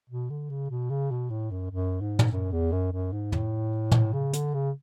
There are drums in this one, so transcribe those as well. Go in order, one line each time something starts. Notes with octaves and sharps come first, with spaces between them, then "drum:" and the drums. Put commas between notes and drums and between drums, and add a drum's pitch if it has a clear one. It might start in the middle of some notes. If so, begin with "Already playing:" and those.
B2
D3
C#3
B2
C#3
B2
A2
F#2
F#2
G#2
drum: tom
F#2
E2
F#2
F#2
G#2
A2, drum: tom
drum: tom
C#3
D3, drum: hi-hat
C#3